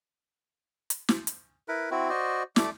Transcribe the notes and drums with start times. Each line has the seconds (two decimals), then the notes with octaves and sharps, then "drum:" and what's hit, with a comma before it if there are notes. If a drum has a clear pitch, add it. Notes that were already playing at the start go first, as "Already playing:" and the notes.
0.90 drum: hi-hat
1.09 drum: snare
1.27 drum: hi-hat
1.68 E4 A#4 B4
1.91 C4 E4 F#4
2.10 F#4 C5 D5 D#5
2.56 A3 D5 D6, drum: snare